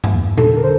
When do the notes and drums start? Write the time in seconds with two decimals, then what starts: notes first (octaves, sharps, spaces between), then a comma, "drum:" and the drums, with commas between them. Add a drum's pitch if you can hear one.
0.04 drum: tom G2
0.13 E2
0.37 A4, drum: tom A#2
0.51 D3
0.57 A#4
0.63 C5